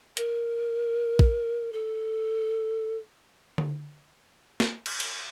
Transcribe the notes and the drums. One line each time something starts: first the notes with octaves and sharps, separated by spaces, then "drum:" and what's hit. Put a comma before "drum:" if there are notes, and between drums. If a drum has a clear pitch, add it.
A#4, drum: hi-hat
drum: kick
A4
drum: tom D3
drum: snare
drum: cymbal
drum: cymbal